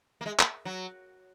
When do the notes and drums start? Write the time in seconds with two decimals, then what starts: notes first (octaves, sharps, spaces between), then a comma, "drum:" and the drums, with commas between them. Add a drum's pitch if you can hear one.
0.21 A#3
0.26 G#3
0.39 A#3, drum: clap
0.65 F#3